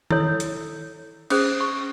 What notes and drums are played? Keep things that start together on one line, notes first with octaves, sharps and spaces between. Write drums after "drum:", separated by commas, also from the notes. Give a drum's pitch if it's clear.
E4 A4 C#5 E6, drum: tom D#3
drum: hi-hat
C#4 G#4 C5 D#6, drum: cymbal
C#6